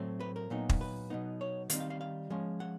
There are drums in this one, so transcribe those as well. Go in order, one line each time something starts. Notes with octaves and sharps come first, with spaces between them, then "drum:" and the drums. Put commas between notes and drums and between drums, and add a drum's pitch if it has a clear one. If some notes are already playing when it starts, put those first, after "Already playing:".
Already playing: A2 F#3 A3 C4
B4
A#4
A#2 F#3 B3 D#4
drum: kick
B4
B2 F#3 B3 D#4
C#5
D#3 G3 C4 D#4 F5, drum: hi-hat
F5
F5
F5
F3 G#3 C#4
F#5